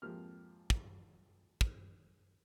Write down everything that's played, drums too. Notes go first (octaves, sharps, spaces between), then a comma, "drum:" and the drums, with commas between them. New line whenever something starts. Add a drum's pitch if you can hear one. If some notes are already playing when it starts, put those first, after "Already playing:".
G#1 F2 F3 A#3 G4 F6
drum: kick
drum: kick